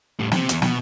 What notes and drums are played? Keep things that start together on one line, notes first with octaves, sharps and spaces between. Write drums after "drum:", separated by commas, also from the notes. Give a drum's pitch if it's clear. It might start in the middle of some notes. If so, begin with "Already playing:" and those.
A2 G3
C3 C4, drum: snare
E2, drum: hi-hat
B2, drum: snare